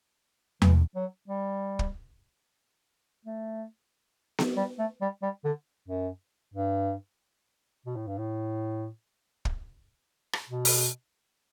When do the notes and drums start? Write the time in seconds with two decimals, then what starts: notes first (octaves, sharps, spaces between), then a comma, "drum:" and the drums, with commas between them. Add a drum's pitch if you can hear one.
0.62 E3, drum: tom E2
0.95 F#3
1.28 G3
1.79 drum: kick
3.25 A3
4.39 drum: snare B3
4.57 G3
4.79 A3
5.01 G3
5.22 G3
5.44 D3
5.88 F#2
6.54 G2
7.86 B2
7.96 A2
8.07 G2
8.18 A2
9.45 drum: kick
10.33 drum: rim click
10.49 B2
10.65 drum: open hi-hat